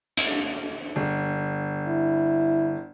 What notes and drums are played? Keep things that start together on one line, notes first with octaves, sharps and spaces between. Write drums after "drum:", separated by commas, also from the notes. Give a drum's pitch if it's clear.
drum: hi-hat
G1
E4